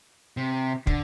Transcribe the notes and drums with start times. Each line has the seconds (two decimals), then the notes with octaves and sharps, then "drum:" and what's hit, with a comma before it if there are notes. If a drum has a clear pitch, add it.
0.37 C3
0.87 D3, drum: kick